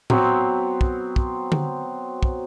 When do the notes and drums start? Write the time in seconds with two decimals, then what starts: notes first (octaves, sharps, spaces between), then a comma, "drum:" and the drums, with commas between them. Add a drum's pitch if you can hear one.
0.10 F#3 B3 C4, drum: tom A2
0.81 drum: kick
1.16 drum: kick
1.52 drum: tom D3
2.23 drum: kick